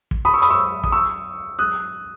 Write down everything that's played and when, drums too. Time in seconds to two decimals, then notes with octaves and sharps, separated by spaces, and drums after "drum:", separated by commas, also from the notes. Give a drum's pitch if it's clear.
0.11 drum: kick
0.25 B5 D#6
0.34 C#6 E6
0.42 B5 D#6, drum: hi-hat
0.50 C#6 E6
0.84 D#6, drum: kick
0.92 C#6 E6
1.59 D#6 F#6